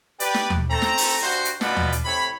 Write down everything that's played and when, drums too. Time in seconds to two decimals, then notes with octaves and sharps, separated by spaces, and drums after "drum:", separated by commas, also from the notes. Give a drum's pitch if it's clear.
0.20 G4 B4 D5, drum: hi-hat
0.34 drum: snare
0.50 drum: tom D#2
0.70 A3 C4 A4 A#5
0.82 drum: snare
0.98 drum: open hi-hat
1.22 G2 F#4 C5
1.45 drum: hi-hat
1.61 F#2 B2 F4 D5 F#5 B5, drum: snare
1.77 drum: tom D#2
1.92 drum: hi-hat
2.05 A2 C3 C#5 B5